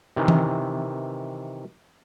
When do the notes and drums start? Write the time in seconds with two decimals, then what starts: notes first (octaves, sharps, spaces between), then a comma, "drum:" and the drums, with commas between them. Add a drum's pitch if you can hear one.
0.16 C3 D#3 E3
0.28 drum: tom E3